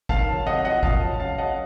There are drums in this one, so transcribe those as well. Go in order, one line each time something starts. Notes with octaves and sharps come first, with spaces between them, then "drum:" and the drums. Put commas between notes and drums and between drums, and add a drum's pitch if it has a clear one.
D#3 F5 A5, drum: kick G1
F#3
C3 D#5 F#5
F3 D#5 F#5
A#2 F5 A5, drum: kick G1
F#3
C#3 F5 A5
F#3 D#5 F#5